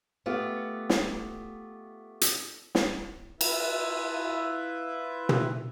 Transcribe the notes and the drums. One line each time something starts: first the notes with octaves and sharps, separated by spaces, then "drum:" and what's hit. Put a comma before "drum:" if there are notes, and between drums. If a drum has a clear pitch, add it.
A3 B3 F4 G4
drum: snare
drum: hi-hat
drum: snare
E4 F4 B4 E5, drum: cymbal
drum: tom